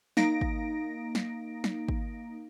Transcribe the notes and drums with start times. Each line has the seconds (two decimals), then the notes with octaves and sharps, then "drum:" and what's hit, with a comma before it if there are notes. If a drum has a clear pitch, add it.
0.17 A#3 D#4 A#6 D7, drum: snare
0.41 drum: kick G#1
1.15 drum: snare
1.64 drum: snare
1.89 drum: kick G#1